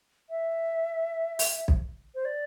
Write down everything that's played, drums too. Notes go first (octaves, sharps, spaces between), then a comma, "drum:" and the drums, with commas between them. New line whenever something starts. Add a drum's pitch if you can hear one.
E5
drum: open hi-hat
drum: kick B1
C5
D5